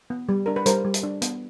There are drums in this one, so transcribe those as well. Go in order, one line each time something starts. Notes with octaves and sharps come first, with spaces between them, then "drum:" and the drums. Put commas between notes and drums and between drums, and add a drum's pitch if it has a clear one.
B3
G3
D4 A#4
B4
G3 A#4 C5, drum: hi-hat
G3
drum: hi-hat
D4
B3, drum: hi-hat